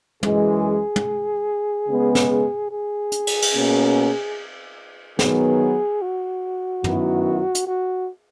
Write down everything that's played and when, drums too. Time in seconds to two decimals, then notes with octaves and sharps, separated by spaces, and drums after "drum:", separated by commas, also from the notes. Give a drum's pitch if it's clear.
0.23 F#2 E3 G#3 G#4, drum: tom
0.96 drum: tom
1.88 C#3 G#3 B3
2.15 drum: snare
2.71 G#4
3.12 drum: hi-hat
3.27 drum: cymbal
3.42 drum: cymbal
3.53 B2 A#3 C#4
5.19 D#3 F#3 B3 G#4, drum: snare
6.02 F#4
6.84 F#2 D#3 F#3 B3 E4, drum: tom
7.55 drum: hi-hat
7.67 F#4